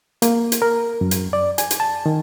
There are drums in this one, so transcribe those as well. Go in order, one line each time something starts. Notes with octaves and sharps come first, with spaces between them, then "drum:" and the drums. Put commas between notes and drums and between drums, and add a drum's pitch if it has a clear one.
A#3, drum: hi-hat
drum: hi-hat
A#4
F#2
drum: hi-hat
D5
G#5, drum: hi-hat
drum: hi-hat
A5
D#3